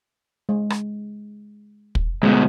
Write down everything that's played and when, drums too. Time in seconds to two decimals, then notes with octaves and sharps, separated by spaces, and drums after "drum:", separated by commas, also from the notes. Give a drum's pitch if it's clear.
0.49 G#3
0.70 drum: rim click
1.95 drum: kick
2.23 D2 B2 G#3